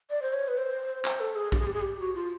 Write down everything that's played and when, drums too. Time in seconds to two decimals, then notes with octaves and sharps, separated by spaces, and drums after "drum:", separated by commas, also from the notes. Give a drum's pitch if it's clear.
0.10 D5
0.22 C5
0.33 C#5
0.48 B4
0.57 C5
1.05 C5, drum: clap
1.20 A4
1.36 G#4
1.52 G4, drum: kick A#1
1.59 G#4
1.67 G4
1.74 G#4
1.81 G4
2.00 F#4
2.15 F4